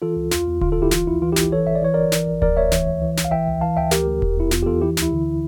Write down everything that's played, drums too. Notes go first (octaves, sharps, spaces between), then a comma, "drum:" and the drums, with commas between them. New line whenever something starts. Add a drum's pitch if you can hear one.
E3 F4 A4
C#2
E2 F4, drum: snare
E2
D3 F4, drum: kick D#1
F4 A4
A1
E4 G4
E3 F4, drum: snare
D2 E4
E3 F4
E4 G4
A1, drum: snare
E3 A4 C#5
A1 E5
D5
E3 C#5
G1 A#4 D5
E3, drum: snare
A1
D2 A#4 D5, drum: kick D#1
D2 C#5 E5
E3, drum: snare
C#2
E3
A#1, drum: snare
F5
E3 E5 G5
C#2
E3 F5 A5
D2 E5 G5
D2 G4 A#4, drum: snare
D2
E2, drum: kick D#1
E2 E4
E2 F4, drum: snare
G4
E2 F4 A4
E3 E4 G4
D2, drum: snare
E4
D3